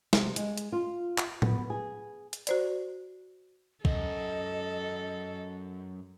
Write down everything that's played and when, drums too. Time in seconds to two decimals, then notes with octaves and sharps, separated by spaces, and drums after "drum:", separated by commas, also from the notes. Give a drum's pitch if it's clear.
0.13 C3, drum: snare
0.36 G#3, drum: hi-hat
0.57 drum: hi-hat
0.72 F4
1.18 drum: clap
1.42 B3, drum: tom A2
1.70 G#4
2.33 drum: hi-hat
2.47 F#4 C5 D5, drum: hi-hat
3.85 F#2 A4 D#5, drum: kick